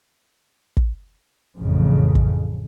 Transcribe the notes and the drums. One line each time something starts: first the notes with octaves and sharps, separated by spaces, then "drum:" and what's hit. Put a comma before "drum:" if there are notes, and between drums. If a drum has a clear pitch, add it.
drum: kick
A1 F2 C#3
drum: kick